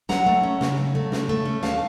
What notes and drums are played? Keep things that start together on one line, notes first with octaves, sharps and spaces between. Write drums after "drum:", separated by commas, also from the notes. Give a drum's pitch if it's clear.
F#3 F#5 A#5, drum: snare
A3
C#4
C#3, drum: snare
F#3
A3
C#3, drum: snare
A3
C#4
D#2 F5 A5, drum: snare